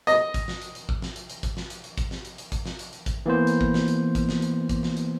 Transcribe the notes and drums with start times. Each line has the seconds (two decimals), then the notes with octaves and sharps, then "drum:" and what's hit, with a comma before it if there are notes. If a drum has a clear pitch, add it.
0.07 D#5, drum: hi-hat
0.34 drum: kick, hi-hat
0.48 drum: snare
0.62 drum: hi-hat
0.75 drum: hi-hat
0.89 drum: kick
1.02 drum: snare
1.16 drum: hi-hat
1.30 drum: hi-hat
1.43 drum: kick, hi-hat
1.57 drum: snare
1.70 drum: hi-hat
1.84 drum: hi-hat
1.98 drum: kick, hi-hat
2.11 drum: snare
2.25 drum: hi-hat
2.38 drum: hi-hat
2.52 drum: kick, hi-hat
2.66 drum: snare
2.79 drum: hi-hat
2.93 drum: hi-hat
3.06 drum: kick, hi-hat
3.26 E3 A#3 B3 C5
3.47 drum: hi-hat
3.61 drum: kick
3.74 drum: snare
3.88 drum: hi-hat
4.15 drum: kick, hi-hat
4.29 drum: snare
4.42 drum: hi-hat
4.69 drum: kick, hi-hat
4.83 drum: snare
4.97 drum: hi-hat